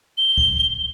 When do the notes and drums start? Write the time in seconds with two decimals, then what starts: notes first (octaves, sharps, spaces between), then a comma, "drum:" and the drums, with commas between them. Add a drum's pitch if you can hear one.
0.18 G7
0.38 drum: kick